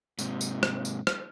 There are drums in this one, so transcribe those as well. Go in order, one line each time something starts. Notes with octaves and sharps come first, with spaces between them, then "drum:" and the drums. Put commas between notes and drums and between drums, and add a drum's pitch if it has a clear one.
G#2 C3, drum: tambourine
drum: tambourine
drum: rim click
drum: tambourine
drum: rim click